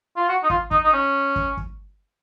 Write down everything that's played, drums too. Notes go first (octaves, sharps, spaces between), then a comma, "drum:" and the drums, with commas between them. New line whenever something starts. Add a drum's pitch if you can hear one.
F4
F#4
D#4
F4, drum: kick
D#4, drum: kick
D#4
C#4
drum: kick
drum: kick